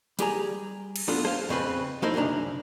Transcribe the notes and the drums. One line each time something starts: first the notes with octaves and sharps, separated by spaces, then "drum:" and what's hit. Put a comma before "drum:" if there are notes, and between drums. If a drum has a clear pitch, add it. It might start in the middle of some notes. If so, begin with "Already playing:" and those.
G3 G4 G#4 A#5, drum: hi-hat
drum: cymbal
F#3 B3 D4 F4 A4
C5 F5, drum: rim click
F2 C#3 C4 B4
F3 A#3 D#4 E4 A#4 C5
C2 F#2 C#3 D4 A#5